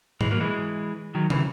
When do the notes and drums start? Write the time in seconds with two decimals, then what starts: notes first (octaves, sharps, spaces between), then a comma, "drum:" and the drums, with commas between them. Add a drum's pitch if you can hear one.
0.21 E3 G#3, drum: tom G#2
0.31 F#3 A#3
0.41 E3 G#3
1.15 D#3 F#3
1.30 C#3 E3, drum: tom